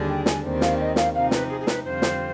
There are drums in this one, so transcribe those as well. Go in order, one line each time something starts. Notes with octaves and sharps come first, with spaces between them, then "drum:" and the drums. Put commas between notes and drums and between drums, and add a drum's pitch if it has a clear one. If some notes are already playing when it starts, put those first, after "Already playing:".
Already playing: D#2 D3 G3 D4 G#4
G5
G#5, drum: snare
D#2 D#3 G3 C4
F5, drum: snare
D#5
F5, drum: snare
C3 F3 C4 D#4 F5
B4, drum: snare
G#4
G#4
B4, drum: snare
F2 D3 G3 C4 F4 C5
drum: snare